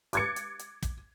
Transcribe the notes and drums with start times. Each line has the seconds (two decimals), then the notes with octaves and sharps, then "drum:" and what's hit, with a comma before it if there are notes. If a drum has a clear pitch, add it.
0.13 D6 F#6 G#6 A6 C#7, drum: hi-hat
0.36 drum: hi-hat
0.59 drum: hi-hat
0.83 drum: kick, hi-hat